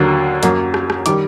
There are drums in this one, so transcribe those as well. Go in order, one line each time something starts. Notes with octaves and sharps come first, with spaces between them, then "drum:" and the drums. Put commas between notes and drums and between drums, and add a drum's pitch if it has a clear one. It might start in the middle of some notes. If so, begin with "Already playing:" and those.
Already playing: D#2 D3 F#3 A#3
F#2 F#3 A#3, drum: hi-hat
drum: rim click
drum: rim click
D#3 G3 D6, drum: hi-hat